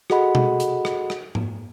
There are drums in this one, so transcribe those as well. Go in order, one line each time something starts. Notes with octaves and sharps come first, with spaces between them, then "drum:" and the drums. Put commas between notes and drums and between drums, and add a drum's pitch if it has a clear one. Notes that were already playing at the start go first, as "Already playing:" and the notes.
F#4 G#4 A4 D#5 F#5 B5, drum: rim click
drum: tom B2
drum: hi-hat
drum: rim click
drum: rim click
drum: tom G#2